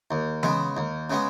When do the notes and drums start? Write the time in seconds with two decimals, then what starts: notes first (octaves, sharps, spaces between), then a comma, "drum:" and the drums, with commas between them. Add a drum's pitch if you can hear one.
0.11 D#2
0.43 C#3 G#3 B3, drum: tom E3
0.77 D#2
1.10 C#3 G#3 B3